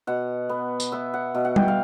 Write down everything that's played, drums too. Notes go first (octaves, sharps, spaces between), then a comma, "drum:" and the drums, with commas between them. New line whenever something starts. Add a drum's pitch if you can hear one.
B2 F#5
B3
drum: tambourine
B3 E5
F#5
B2
F#5
G5, drum: tom G3
F5